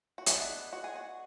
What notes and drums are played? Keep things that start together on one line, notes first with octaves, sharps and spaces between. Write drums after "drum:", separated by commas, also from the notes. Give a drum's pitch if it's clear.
F#4
G#3 B3 D4 E4, drum: hi-hat
F#4
G#4
F#4